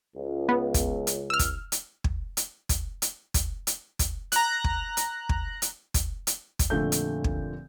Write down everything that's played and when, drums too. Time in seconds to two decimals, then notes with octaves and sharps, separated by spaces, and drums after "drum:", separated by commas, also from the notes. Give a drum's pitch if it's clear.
0.16 C#2
0.49 B3
0.74 drum: kick, hi-hat
1.07 drum: hi-hat
1.30 E6 F6
1.39 drum: kick, hi-hat
1.72 drum: hi-hat
2.04 drum: kick
2.37 drum: hi-hat
2.69 drum: kick, hi-hat
3.02 drum: hi-hat
3.34 drum: kick, hi-hat
3.67 drum: hi-hat
3.99 drum: kick, hi-hat
4.32 A#5 F#6, drum: hi-hat
4.64 drum: kick
4.97 drum: hi-hat
5.29 drum: kick
5.62 drum: hi-hat
5.94 drum: kick, hi-hat
6.27 drum: hi-hat
6.59 drum: kick, hi-hat
6.70 F1 A#2 D3 A3 G6
6.92 drum: hi-hat
7.24 drum: kick